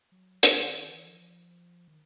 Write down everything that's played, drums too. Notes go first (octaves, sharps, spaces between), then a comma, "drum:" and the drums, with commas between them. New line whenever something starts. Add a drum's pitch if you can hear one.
F#3
F3, drum: hi-hat
D#3
D#3
E3
F3
D#3